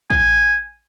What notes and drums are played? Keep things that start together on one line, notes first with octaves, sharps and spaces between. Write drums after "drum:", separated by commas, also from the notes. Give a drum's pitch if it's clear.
G#5, drum: kick